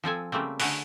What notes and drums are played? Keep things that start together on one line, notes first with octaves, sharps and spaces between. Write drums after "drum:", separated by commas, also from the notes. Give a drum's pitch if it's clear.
F3 C4 A4 G#5
C#3 G3 A3 A#3 C4
D3 A3 F#4 G#4 B4, drum: open hi-hat